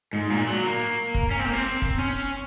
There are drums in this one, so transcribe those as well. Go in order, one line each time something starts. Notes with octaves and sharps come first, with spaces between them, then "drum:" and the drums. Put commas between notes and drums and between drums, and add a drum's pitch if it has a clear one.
G#2
A#2
F#3
A#3
drum: kick
C#4
C4
A#3
C4
drum: kick
C#4